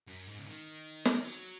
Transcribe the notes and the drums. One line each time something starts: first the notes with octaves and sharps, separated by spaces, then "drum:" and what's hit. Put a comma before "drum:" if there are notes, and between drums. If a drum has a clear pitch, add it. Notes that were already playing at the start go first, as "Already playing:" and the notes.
F#2
G#2
C#3
D#3
drum: snare
F#3